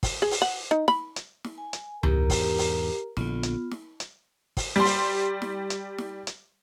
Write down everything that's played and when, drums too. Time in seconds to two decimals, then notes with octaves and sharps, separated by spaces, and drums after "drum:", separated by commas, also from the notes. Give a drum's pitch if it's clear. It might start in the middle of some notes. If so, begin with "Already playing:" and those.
0.03 drum: kick, open hi-hat
0.22 G#4
0.31 drum: open hi-hat
0.42 F#5
0.71 D#4
0.88 B5, drum: snare
1.16 drum: hi-hat
1.45 drum: snare
1.58 G#5
1.73 drum: hi-hat
2.03 E2 G#2 G4 A#4, drum: tom C#2
2.30 drum: kick, open hi-hat
2.58 drum: open hi-hat
3.17 A#1 D3 B3 F4, drum: snare
3.43 drum: hi-hat
3.72 drum: snare
4.00 drum: hi-hat
4.57 drum: kick, open hi-hat
4.76 G3 C6
4.85 drum: open hi-hat
5.42 drum: snare
5.70 drum: hi-hat
5.99 drum: snare
6.27 drum: hi-hat